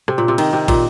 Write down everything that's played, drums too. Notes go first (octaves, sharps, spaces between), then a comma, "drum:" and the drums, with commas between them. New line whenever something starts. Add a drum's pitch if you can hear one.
C3, drum: rim click
A#2
C3
D#3, drum: cymbal
C3
A#2, drum: kick, cymbal